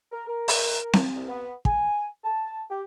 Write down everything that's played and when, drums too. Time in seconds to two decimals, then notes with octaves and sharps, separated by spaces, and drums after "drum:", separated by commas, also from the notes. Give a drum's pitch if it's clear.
0.11 A#4
0.27 A#4
0.48 drum: open hi-hat
0.93 drum: snare C4
1.15 C2
1.28 B3
1.65 G#5, drum: kick
2.24 A5
2.69 G4